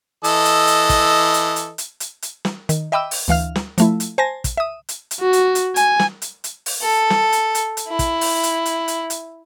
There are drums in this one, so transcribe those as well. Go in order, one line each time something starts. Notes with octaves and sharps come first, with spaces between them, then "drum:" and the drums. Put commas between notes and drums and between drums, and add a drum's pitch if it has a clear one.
E3 A4 D#5, drum: hi-hat
drum: hi-hat
drum: hi-hat
drum: kick, hi-hat
drum: hi-hat
drum: hi-hat
drum: hi-hat
drum: hi-hat
drum: hi-hat
drum: snare
D#3, drum: hi-hat
D#5 E5 G5 B5 D6 E6
drum: open hi-hat
D2 E3 F5 F6
drum: snare
F3 A3 E4, drum: hi-hat
drum: hi-hat
C5 G#5 A5 A#6
drum: kick, hi-hat
E5 D#6
drum: hi-hat
drum: hi-hat
F#4
drum: hi-hat
drum: hi-hat
G#5, drum: hi-hat
drum: snare
drum: hi-hat
drum: hi-hat
drum: open hi-hat
A4
drum: snare
drum: hi-hat
drum: hi-hat
drum: hi-hat
E4
drum: kick, hi-hat
drum: open hi-hat
drum: hi-hat
drum: hi-hat
drum: hi-hat
drum: hi-hat